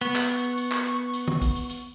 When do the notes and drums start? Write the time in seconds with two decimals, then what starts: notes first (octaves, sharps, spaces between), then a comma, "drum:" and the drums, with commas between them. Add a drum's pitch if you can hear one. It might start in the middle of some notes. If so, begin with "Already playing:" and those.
0.01 B3 C#6
0.15 drum: clap
0.29 drum: hi-hat
0.44 drum: hi-hat
0.58 drum: hi-hat
0.72 drum: clap
0.86 drum: hi-hat
1.14 drum: hi-hat
1.28 drum: tom
1.42 drum: kick, hi-hat
1.56 drum: hi-hat
1.70 drum: hi-hat